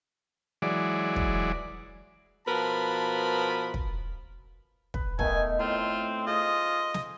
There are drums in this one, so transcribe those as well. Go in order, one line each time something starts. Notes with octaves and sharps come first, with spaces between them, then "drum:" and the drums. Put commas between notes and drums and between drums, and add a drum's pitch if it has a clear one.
E3 F#3 G#3 D5
drum: kick
B2 F3 A#4 B4 A5 B5
drum: kick
B4, drum: kick
B2 D#3 A3 G#5, drum: kick
A2 C4 F4
F4 G#4 C5 D#5
drum: snare